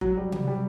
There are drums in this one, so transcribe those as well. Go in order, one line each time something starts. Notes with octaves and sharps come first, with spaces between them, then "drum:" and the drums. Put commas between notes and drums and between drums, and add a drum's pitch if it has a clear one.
F#3, drum: kick F1
G3
G3, drum: tom C3
G3